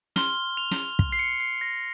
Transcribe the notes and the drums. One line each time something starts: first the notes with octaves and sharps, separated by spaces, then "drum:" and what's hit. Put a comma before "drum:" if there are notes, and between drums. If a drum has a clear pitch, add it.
C6 F6 G7, drum: snare
F7
drum: snare
drum: kick
C7
C#7
C7
A#6